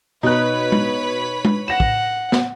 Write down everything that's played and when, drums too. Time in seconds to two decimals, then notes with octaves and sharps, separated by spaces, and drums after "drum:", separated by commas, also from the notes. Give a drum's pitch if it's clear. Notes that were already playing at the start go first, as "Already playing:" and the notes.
0.23 B2 D#4 B4 C#5 B5 F#6
0.72 drum: tom G#3
1.45 drum: tom G#3
1.68 F#5 A#6 E7
1.80 drum: kick
2.32 drum: snare